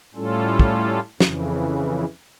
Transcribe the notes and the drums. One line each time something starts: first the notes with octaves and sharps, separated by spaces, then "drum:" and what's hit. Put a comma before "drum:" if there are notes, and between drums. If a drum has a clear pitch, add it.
A2 G3 C#4 F4 A4
drum: kick
F2 C#3 E3, drum: snare